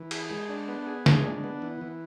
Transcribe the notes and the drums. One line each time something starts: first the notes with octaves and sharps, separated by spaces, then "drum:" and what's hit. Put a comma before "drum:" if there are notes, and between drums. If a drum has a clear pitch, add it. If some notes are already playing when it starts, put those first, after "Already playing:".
Already playing: E3
G#4, drum: cymbal
G#3
D4
B3
G#4
G#3, drum: snare
D4
B3
E3
E3